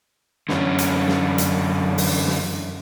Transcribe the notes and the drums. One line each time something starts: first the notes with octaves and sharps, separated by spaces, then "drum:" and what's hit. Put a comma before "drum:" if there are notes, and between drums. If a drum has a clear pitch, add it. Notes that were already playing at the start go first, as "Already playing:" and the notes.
F#2 D3 E3 C#4, drum: snare
drum: hi-hat
drum: snare
drum: hi-hat
drum: open hi-hat
drum: snare